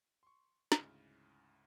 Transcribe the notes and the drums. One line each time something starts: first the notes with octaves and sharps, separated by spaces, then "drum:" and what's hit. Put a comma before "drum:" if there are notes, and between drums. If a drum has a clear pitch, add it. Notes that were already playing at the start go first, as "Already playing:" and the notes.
C6 C#6
D2 G#2 C#3 E4 F6, drum: snare